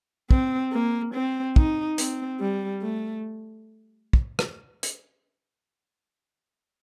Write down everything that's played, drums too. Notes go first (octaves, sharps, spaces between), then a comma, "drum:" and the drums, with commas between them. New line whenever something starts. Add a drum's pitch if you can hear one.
C4, drum: kick
A#3
C4
D#4, drum: kick
C4, drum: hi-hat
G3
A3
drum: kick
drum: rim click
drum: hi-hat